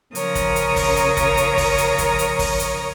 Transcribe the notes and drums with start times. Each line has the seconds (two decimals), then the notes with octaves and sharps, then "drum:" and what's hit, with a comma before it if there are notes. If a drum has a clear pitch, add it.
0.15 C#3 F3 A#4 C#5 A#5 D#6, drum: hi-hat
0.35 drum: kick, hi-hat
0.56 drum: hi-hat
0.76 drum: kick, open hi-hat
0.96 drum: hi-hat
1.17 drum: kick, hi-hat
1.37 drum: hi-hat
1.58 drum: kick, open hi-hat
1.78 drum: hi-hat
1.98 drum: kick, hi-hat
2.19 drum: hi-hat
2.39 drum: kick, open hi-hat
2.59 drum: hi-hat